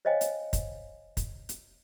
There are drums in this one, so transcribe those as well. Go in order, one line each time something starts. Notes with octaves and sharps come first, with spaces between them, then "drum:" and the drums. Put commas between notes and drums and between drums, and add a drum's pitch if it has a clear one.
C5 C#5 D#5 F5 G5 G#5
drum: hi-hat
drum: kick, hi-hat
drum: kick, hi-hat
drum: hi-hat